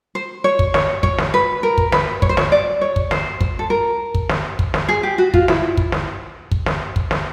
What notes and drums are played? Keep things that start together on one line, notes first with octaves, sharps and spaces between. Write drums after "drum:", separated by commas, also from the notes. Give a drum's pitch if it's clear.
C5
C#5
drum: kick
C#5, drum: snare
C#5, drum: kick
drum: snare
B4
A#4
drum: kick
B4, drum: snare
C#5, drum: kick
C5
C#5, drum: snare
D5
C#5
drum: kick
C5, drum: snare
C5, drum: kick
A4
A#4
drum: kick
drum: snare
drum: kick
drum: snare
G#4
G4
F#4
F4, drum: kick
E4, drum: snare
drum: kick
drum: snare
drum: kick
drum: snare
drum: kick
drum: snare